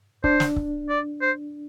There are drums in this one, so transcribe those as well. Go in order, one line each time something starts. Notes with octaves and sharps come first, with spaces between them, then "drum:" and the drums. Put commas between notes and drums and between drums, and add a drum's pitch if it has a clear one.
D4 C5, drum: kick C#1
drum: snare
drum: kick C#1
D5
C5